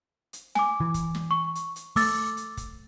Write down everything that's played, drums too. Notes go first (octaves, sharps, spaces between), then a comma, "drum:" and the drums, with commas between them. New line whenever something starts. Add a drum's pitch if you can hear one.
drum: hi-hat
G#5 D6, drum: snare
E3
drum: kick, hi-hat
drum: snare
C#6
drum: hi-hat
drum: hi-hat
A3 D6 E6 A6, drum: open hi-hat
drum: hi-hat
drum: kick, hi-hat